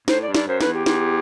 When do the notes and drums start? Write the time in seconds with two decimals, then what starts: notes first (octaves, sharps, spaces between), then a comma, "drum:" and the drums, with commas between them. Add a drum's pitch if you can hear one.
0.08 A2 C5, drum: snare
0.21 D5
0.28 G2
0.35 D5, drum: snare
0.47 F#2 C5
0.61 B4, drum: snare
0.67 E2
0.73 G4
0.86 E2, drum: snare